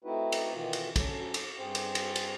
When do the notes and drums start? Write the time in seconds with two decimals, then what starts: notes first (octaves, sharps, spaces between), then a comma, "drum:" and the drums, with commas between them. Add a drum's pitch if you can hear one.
0.04 A3 C4 D#4 E4 F#4 B4
0.32 drum: cymbal
0.53 B2 D#3 E3 F4 F#4
0.73 drum: cymbal
0.96 D2 F#3 C#4 A4, drum: kick, cymbal
1.34 drum: cymbal
1.58 G2 C4 G#4 C5
1.75 drum: cymbal
1.95 drum: cymbal
2.16 drum: cymbal